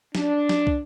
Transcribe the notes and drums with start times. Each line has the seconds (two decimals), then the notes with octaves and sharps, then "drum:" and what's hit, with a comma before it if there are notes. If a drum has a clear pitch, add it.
0.15 D4, drum: snare
0.49 drum: snare
0.67 drum: kick